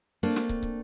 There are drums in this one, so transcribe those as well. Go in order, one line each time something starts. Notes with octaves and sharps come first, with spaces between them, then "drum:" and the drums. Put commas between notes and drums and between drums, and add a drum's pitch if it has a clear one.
A3 A#3 C4 D4
drum: snare
drum: kick
drum: kick